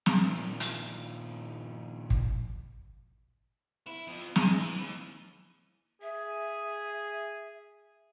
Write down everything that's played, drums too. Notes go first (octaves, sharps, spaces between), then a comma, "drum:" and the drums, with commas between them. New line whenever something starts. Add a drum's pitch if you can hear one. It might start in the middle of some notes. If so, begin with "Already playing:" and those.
drum: snare
A#2 D#3 F3
drum: hi-hat
drum: kick
E4
F2
G#3, drum: snare
E3
D#2
G#4 E5